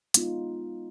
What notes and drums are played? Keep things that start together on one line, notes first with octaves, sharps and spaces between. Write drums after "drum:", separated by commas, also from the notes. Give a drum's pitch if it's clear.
G#3 B3 D#4 F4, drum: hi-hat